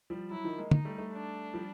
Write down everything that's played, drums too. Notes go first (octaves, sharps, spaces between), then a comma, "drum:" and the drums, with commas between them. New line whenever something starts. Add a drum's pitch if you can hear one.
F3 G3
E3 F#3 E4
D#3 F3
G#3 A#3
D#4, drum: tom
G3 A3
G3 A3
D4
F3 G3